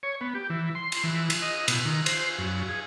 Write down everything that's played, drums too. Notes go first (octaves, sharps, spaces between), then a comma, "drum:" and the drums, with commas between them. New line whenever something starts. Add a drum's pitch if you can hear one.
C#5
B3
G4
E3
C6
drum: cymbal
E3
drum: cymbal
D#5
B2, drum: cymbal
D#3
C5, drum: cymbal
F#2
G#4